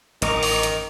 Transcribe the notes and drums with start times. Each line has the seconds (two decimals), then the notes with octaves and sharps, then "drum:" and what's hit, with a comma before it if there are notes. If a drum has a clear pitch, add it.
0.22 A1 F#2 D#3 D#5 A#5 C#6 D6, drum: hi-hat
0.43 drum: open hi-hat
0.63 drum: hi-hat